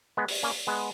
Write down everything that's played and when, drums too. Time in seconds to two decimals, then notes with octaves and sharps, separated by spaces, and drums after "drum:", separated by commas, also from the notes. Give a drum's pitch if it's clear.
0.17 G#3 B3
0.28 drum: open hi-hat
0.43 A#3 C#4
0.67 G#3 B3